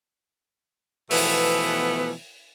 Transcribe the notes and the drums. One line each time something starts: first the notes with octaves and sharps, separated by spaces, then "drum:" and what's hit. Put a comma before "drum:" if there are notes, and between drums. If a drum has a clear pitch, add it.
B2 E3 F3 A3 B3, drum: open hi-hat